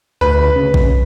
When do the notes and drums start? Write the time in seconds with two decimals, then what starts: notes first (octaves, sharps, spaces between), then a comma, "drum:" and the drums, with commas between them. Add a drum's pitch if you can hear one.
0.21 D2 B4
0.56 C#3
0.74 drum: kick A#1